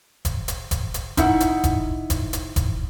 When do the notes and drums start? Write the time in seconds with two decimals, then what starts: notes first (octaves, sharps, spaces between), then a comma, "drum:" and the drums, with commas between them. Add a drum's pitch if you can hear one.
0.25 drum: kick F1, hi-hat
0.48 drum: hi-hat
0.71 drum: kick F1, hi-hat
0.94 drum: hi-hat
1.17 D#4 E4 F#5, drum: kick F1, hi-hat
1.40 drum: hi-hat
1.64 drum: kick F1, hi-hat
2.10 drum: kick F1, hi-hat
2.33 drum: hi-hat
2.56 drum: kick F1, hi-hat